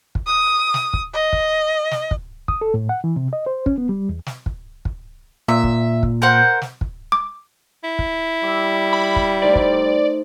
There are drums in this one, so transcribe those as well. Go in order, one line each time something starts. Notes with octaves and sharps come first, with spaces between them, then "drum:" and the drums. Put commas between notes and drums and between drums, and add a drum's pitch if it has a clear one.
drum: kick
D#6
drum: snare
drum: kick
D#5
drum: kick
drum: snare
drum: kick
D#6, drum: kick
A4
A2
F#5
E3
C3
D#5
C5
C#4, drum: kick
B3
G3
E2
drum: snare
drum: kick
drum: kick
A#2 E5
drum: kick
drum: kick
A#4 C5 F#5
drum: snare
drum: kick
D6
E4
drum: kick
G3 D6 E6
B5
drum: kick
A3 D#4 C5 D5
drum: kick